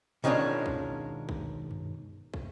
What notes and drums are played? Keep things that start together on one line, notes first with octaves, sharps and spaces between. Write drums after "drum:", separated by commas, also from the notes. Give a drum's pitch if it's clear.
B2 D#3 G#3 C#4 D4 F4
drum: kick
drum: kick
drum: tom F#2
drum: kick